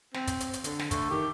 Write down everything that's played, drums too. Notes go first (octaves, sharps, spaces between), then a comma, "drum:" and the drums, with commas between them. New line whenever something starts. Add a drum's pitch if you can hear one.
C4, drum: snare
drum: kick, hi-hat
drum: hi-hat
drum: hi-hat
D3, drum: hi-hat
drum: snare
D3 A3, drum: kick, hi-hat
D#3 G4